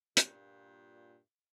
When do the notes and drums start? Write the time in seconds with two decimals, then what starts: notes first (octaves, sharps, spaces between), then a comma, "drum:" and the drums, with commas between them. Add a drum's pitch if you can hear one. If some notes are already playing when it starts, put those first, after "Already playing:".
0.17 G2 A#2, drum: hi-hat